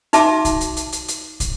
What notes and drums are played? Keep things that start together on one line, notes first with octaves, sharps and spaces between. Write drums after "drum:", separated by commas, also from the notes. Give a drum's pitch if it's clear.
D#4 F#4 E5 A5 D6, drum: hi-hat
drum: kick, hi-hat
drum: hi-hat
drum: hi-hat
drum: hi-hat
drum: hi-hat
drum: kick, hi-hat